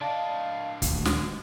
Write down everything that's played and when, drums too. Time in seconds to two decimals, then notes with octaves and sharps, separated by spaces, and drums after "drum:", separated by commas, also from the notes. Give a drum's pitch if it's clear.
0.01 D3 D5 D#5 F5 A5
0.82 D#1 D2, drum: kick, hi-hat
1.05 drum: snare